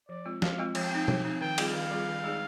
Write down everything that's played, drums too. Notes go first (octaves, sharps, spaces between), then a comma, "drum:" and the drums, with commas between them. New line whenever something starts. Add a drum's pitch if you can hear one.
F3 D5
G#3 C4 F4
F3 F5, drum: snare
G#3 C4 F4
F3 G5, drum: cymbal
C4 D#4
F3, drum: tom
C4 D#4
D#3 G5
G3 C4 F4 G#4, drum: cymbal
D#3 F5
G3 C4 F4 G#4
D#3
G#3 D#4 G#4 D5